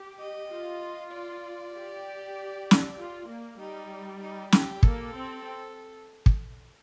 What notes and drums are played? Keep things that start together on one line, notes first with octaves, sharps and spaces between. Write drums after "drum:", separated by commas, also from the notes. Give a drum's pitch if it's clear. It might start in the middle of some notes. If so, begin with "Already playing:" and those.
Already playing: G4
D#5
F4
D5
G4
drum: snare
F4
A#3
G3 D#4
D#4
G4, drum: snare
A#3 A4, drum: kick
C4
drum: kick